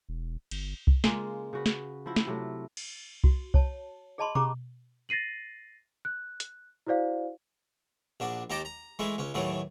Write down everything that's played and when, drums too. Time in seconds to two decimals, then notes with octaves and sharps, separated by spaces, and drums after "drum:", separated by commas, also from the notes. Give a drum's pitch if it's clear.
0.09 E1
0.51 G1, drum: cymbal
0.87 drum: kick C2
1.04 C#3 G#3 A#3 F4, drum: snare
1.53 C#3 F#4 B4
1.66 drum: snare
2.06 F3 E4 F#4
2.16 drum: snare
2.27 C3 F#3 A3
2.77 drum: cymbal
3.24 F#4, drum: kick C2
3.54 C#5 A5, drum: kick C2
4.18 G#4 D5 D#5 A5 B5 C6
4.35 C#4 G4 G#4 A#5 C#6 D6, drum: tom B2
5.09 A6 A#6 C7 D#7 F#7
6.05 F#6
6.40 drum: hi-hat
6.86 E4 F#4 C5 D5 F5
8.20 A#1 D4 F#4
8.50 D#2 D#4 G4 A5 A#5 D6
8.65 A#5
8.99 E3 G#3 A3 B5
9.18 C#2 C#4
9.34 D#2 A2 E3 F#3 A3